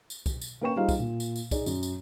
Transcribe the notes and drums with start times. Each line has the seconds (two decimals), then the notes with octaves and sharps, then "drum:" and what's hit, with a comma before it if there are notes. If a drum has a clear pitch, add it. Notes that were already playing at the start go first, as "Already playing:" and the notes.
0.10 drum: tambourine
0.26 drum: kick, tambourine
0.41 drum: tambourine
0.61 A#3 C#4 B4 G5 C#6 E7
0.76 G3 D#4 F4 G#4 C5 F5
0.89 drum: kick, tambourine
0.99 A#2
1.20 drum: tambourine
1.36 drum: tambourine
1.51 D#4 G#4 D5, drum: kick, tambourine
1.66 F#2, drum: tambourine
1.83 drum: tambourine